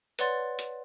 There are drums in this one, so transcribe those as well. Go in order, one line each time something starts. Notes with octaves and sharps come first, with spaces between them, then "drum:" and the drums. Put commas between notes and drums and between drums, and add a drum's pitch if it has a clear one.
B4 C#5 D5 F#5 C6 A6, drum: hi-hat
drum: hi-hat